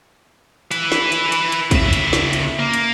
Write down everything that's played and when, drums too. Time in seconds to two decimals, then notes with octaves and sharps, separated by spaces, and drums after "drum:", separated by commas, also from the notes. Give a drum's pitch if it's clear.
0.71 E4 B4, drum: hi-hat
0.92 drum: snare
1.12 drum: hi-hat
1.32 drum: hi-hat
1.52 drum: hi-hat
1.71 C#3 E5, drum: kick, hi-hat
1.93 drum: hi-hat
2.13 drum: snare
2.33 drum: hi-hat
2.59 A#3
2.73 drum: hi-hat